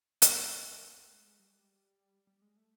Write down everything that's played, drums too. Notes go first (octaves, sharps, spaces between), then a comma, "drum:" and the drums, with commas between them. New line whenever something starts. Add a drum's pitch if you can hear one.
D#3, drum: hi-hat
F3
G3
G#3
A3
G#3
G3
G3
G#3
A3